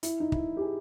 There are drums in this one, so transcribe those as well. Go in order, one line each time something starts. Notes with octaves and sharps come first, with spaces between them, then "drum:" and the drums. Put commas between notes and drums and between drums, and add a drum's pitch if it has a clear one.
E4, drum: hi-hat
D#4
E4, drum: kick
G4
G#4